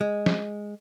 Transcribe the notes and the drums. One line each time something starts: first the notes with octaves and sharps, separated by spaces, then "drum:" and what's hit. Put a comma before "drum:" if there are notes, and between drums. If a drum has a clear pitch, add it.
G#3
drum: snare